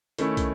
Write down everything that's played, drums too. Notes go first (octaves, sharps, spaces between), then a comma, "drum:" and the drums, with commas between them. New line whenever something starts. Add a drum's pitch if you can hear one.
D#3 A3 C#4 E4, drum: hi-hat
drum: kick, hi-hat